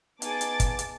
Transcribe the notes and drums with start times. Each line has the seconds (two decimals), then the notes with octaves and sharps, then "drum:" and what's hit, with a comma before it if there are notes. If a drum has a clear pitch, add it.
0.22 B3 D#4 G#4 A5 D6 A6, drum: hi-hat
0.41 drum: hi-hat
0.60 drum: kick, hi-hat
0.79 drum: hi-hat